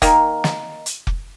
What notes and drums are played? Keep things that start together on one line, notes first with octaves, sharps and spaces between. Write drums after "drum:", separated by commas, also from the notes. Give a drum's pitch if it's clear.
D#3 A#3, drum: kick F1, hi-hat
drum: snare
drum: hi-hat
drum: kick F1